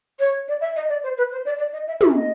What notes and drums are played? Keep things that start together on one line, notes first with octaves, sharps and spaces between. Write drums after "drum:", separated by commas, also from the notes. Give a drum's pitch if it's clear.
C#5
D5
E5
D#5
D5
C5
B4
C5
D5
D5
D#5
E5
E5, drum: tom
D#5